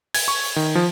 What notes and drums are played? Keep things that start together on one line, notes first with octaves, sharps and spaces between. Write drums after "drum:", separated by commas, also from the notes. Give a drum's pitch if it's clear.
G#6, drum: open hi-hat
C#6
D#3
F3